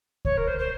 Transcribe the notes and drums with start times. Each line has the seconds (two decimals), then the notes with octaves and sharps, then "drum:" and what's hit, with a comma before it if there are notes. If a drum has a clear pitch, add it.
0.25 C#5, drum: kick C#2
0.37 A#4
0.47 C5
0.59 C5